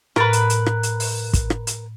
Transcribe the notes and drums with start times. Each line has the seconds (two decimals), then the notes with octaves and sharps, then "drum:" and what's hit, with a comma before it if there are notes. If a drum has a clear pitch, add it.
0.16 A2 A#4 B4 A6, drum: rim click
0.33 drum: hi-hat
0.50 drum: hi-hat
0.66 drum: rim click
0.83 drum: hi-hat
1.00 drum: open hi-hat
1.33 drum: kick, hi-hat
1.50 drum: rim click
1.67 drum: hi-hat